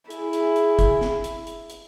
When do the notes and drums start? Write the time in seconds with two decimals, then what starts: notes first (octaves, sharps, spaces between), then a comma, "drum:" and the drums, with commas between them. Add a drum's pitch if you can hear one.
0.10 E4 G#4, drum: hi-hat
0.33 drum: hi-hat
0.56 drum: hi-hat
0.79 drum: kick, hi-hat
1.01 drum: snare
1.24 drum: hi-hat
1.47 drum: hi-hat
1.70 drum: hi-hat